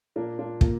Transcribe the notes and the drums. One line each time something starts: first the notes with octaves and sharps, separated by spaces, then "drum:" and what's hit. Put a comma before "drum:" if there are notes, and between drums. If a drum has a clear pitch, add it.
A#2 A#3 D4
D4 F4
A#2 A#3, drum: kick